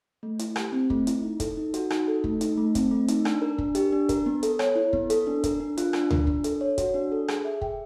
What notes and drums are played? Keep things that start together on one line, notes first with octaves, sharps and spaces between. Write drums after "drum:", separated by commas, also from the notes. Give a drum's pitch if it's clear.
A3
E4, drum: hi-hat
G4, drum: rim click
C4
A3, drum: kick
E4, drum: hi-hat
D#4
A4, drum: kick, hi-hat
D#4
F#4, drum: hi-hat
D#4, drum: rim click
A4
A3, drum: kick
D#4, drum: hi-hat
A3
C4, drum: kick, hi-hat
A3
D#4, drum: hi-hat
D4, drum: rim click
A#4
D4, drum: kick
G4, drum: hi-hat
D4
A#4, drum: kick, hi-hat
B3
A4, drum: hi-hat
C#5, drum: rim click
E4
B3, drum: kick
A4, drum: hi-hat
D4
A#4, drum: kick, hi-hat
D4
F4, drum: hi-hat
D4, drum: rim click
A#4, drum: tom D2
D4, drum: kick
A4, drum: hi-hat
C#5
F#4, drum: kick, hi-hat
D4
A4
G#4, drum: rim click
E5
G5, drum: kick